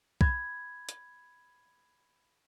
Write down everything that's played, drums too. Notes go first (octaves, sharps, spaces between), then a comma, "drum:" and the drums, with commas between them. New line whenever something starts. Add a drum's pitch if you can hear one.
B5 G#6, drum: kick
drum: hi-hat